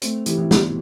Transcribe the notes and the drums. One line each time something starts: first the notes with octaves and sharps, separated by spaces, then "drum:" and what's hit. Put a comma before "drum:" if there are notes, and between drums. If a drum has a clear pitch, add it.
A3 C4, drum: hi-hat
E3 G3, drum: hi-hat
C3 E3
B2, drum: snare